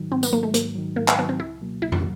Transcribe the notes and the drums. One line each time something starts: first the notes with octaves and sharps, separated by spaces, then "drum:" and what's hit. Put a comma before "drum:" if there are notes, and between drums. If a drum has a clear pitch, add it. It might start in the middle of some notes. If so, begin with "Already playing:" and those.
Already playing: G#2 D#3 F#3
G#2 C4
B3, drum: tambourine
D#3 F#3 A#3
A3
G#2 A#3, drum: hi-hat
D#3 F#3
G#2 A#3
B3, drum: clap
D#3 F#3 B3
C4
C#2 E4
B2 F#3 A#3
C#2 E4
drum: tom F2